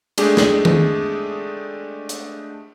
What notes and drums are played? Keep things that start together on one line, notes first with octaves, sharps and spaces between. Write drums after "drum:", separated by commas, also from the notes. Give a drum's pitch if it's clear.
G#3 A3 D4 G4 G#4, drum: cymbal
drum: snare
drum: tom D#3
drum: hi-hat